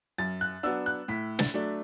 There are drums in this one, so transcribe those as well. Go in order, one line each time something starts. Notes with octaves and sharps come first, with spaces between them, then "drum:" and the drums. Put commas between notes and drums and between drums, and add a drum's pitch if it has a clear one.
F#2 A6
F#6
F#3 B3 D4 E6
F#6
A2 B6
A6, drum: snare
F#3 A3 D4